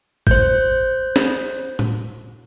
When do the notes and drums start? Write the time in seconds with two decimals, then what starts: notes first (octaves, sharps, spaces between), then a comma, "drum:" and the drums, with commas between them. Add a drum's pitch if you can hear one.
0.27 C5 G6, drum: kick
1.16 drum: snare
1.79 drum: tom A2